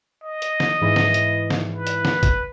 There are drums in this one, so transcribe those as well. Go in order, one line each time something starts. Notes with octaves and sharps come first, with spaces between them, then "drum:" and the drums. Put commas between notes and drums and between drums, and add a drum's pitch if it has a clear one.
D#5
drum: hi-hat
drum: snare
G#2 E3
drum: snare
drum: hi-hat
drum: snare
B4
drum: hi-hat
drum: snare
drum: kick, hi-hat